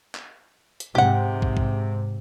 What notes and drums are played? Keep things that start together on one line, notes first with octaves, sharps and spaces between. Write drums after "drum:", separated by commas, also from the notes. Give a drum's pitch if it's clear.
drum: clap
drum: hi-hat
G#2 C3 G4 F#5
drum: kick
drum: kick